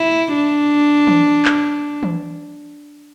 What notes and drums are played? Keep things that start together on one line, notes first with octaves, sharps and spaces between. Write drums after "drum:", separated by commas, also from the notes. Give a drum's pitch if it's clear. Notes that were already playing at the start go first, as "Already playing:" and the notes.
Already playing: E4
D4
drum: tom E3
drum: clap
drum: tom E3